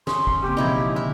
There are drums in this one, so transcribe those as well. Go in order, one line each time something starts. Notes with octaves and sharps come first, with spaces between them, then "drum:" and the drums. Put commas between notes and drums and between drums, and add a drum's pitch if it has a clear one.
C#4 C6 D#6, drum: snare
drum: kick
C#3 A#3 C4 G4
B2 E3 F3 D#4 E4 G#4
D3 E4